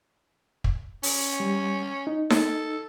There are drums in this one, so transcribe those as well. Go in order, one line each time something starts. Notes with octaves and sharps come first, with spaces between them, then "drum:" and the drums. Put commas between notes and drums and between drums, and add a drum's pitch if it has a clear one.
drum: kick
C#4, drum: open hi-hat
G3
D#4
A4, drum: snare D#4